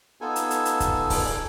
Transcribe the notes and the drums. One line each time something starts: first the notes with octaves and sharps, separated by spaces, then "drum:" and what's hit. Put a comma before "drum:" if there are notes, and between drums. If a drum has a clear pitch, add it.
B3 D#4 F4 A4 G#5
drum: hi-hat
drum: hi-hat
drum: hi-hat
drum: kick C#1, hi-hat
drum: kick C#1, open hi-hat